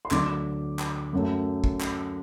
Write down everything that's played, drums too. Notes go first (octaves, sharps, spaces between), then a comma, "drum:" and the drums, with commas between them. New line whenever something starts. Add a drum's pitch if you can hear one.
C6
D2 D3 F#3 D6, drum: clap
drum: clap
F#2 F#3 A3
drum: kick
drum: clap